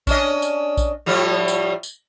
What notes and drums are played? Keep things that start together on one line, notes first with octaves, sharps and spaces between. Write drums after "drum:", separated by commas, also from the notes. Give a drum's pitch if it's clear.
C#4 D4 D#5, drum: kick A#1, tambourine
drum: tambourine
drum: kick A#1, tambourine
A2 F3 G3
drum: tambourine
drum: tambourine